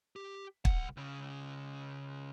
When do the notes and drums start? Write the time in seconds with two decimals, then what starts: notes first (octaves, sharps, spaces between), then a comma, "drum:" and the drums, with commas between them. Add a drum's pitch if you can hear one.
0.16 G4
0.65 C2 F#5, drum: kick
0.97 C#2 C#3